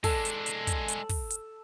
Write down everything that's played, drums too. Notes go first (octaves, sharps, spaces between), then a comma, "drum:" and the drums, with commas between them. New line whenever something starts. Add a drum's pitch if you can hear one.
G#3 D4 A4, drum: kick, open hi-hat
drum: hi-hat
drum: hi-hat
drum: kick, hi-hat
drum: hi-hat
drum: kick, open hi-hat
drum: hi-hat